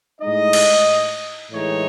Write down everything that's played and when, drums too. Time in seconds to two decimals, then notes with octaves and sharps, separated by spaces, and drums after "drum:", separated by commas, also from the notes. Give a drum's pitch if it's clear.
0.21 A2 G#3 D#4 D#5
0.53 drum: cymbal
1.52 A2 E3 G#3 D#4 C#5